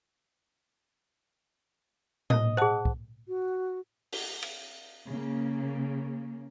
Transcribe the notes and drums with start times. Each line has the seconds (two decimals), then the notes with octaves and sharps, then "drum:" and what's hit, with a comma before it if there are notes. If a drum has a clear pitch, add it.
2.30 D#5, drum: tom A2
2.57 G#4 C5 F#5 A5
2.85 drum: kick
3.28 F#4
4.13 drum: open hi-hat
4.42 drum: cymbal
5.10 C#3 A#3